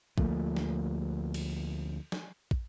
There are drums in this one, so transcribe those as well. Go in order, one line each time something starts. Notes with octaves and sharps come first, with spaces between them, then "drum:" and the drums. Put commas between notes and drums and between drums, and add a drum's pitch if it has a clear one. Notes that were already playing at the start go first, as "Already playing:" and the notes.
D2 F3 A3 A#3, drum: kick
drum: snare
drum: cymbal
drum: snare
drum: kick